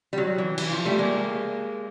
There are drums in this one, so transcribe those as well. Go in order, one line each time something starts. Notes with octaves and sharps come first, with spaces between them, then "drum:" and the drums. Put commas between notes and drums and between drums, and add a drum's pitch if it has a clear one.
G3
F#3
E3
E3, drum: cymbal
F3
G3 A3
G#3 A#3